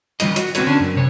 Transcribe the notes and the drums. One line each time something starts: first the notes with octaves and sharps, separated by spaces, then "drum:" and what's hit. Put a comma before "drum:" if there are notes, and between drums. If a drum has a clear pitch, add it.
D#3 F3 G3 F4 D#5, drum: hi-hat
F#4, drum: hi-hat
C4 F#4 B4 C#5, drum: hi-hat
D3 C#4 D4
F#2
C3 C#5